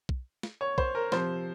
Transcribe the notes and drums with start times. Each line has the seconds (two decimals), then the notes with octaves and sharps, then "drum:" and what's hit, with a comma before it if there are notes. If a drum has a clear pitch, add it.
0.09 drum: kick B1
0.43 drum: snare
0.61 C#5
0.78 C5, drum: kick B1
0.95 A#4
1.12 C3 F3 C5, drum: snare